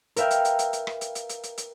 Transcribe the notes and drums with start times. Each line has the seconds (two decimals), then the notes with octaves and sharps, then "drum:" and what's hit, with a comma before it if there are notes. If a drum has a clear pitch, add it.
0.16 A#4 B4 E5 F5 G5, drum: hi-hat
0.31 drum: hi-hat
0.45 drum: hi-hat
0.59 drum: hi-hat
0.73 drum: hi-hat
0.87 drum: rim click
1.01 drum: hi-hat
1.15 drum: hi-hat
1.29 drum: hi-hat
1.43 drum: hi-hat
1.58 drum: hi-hat